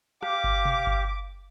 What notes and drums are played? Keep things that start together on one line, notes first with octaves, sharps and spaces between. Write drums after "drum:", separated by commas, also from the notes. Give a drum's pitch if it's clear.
G4 F5 D6, drum: rim click
drum: kick G1
drum: tom B2
drum: kick G1